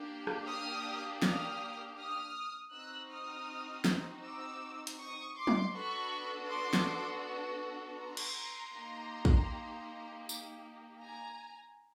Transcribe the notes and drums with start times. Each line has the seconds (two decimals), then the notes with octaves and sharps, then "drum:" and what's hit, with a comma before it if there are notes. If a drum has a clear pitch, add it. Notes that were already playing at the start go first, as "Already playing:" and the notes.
Already playing: A#3 D4 G4
0.27 drum: rim click
0.47 D#6 F6
1.22 D#6 F6, drum: snare
1.97 D#6 F6
2.72 C4 D#4 F#4 E6 F#6
3.10 D#6 F6
3.85 drum: snare
4.23 D6 E6
4.87 drum: hi-hat
4.97 C#6 D#6
5.35 C6 D6
5.47 drum: tom F#3
5.73 B3 D4 F#4 A4 B5 C#6
6.48 C6 D6
6.73 drum: snare
7.98 A#5 C6
8.17 drum: cymbal
8.74 A#3 D#4 G4
9.25 drum: kick
10.29 drum: tambourine
10.99 G#5 A#5